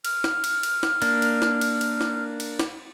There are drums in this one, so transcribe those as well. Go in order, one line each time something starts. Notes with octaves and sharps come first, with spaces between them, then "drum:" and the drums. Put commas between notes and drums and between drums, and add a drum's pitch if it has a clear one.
F6, drum: cymbal
drum: snare
drum: cymbal
drum: cymbal
drum: snare
A#3 D4, drum: cymbal
drum: cymbal
drum: snare
drum: cymbal
drum: cymbal
drum: snare
drum: cymbal
drum: snare